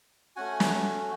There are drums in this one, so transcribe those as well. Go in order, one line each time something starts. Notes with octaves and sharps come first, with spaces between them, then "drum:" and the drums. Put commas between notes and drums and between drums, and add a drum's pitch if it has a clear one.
A3 C#4 F#4 F#5 G#5
drum: snare